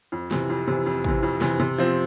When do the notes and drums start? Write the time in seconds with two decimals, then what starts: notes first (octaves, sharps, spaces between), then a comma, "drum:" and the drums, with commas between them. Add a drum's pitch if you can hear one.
0.12 F2
0.31 C3 E3, drum: snare
0.49 F2
0.68 C3 E3
0.86 F2
1.04 C3 E3, drum: kick
1.23 F2
1.41 C3 E3, drum: snare
1.60 C3
1.78 F3 C4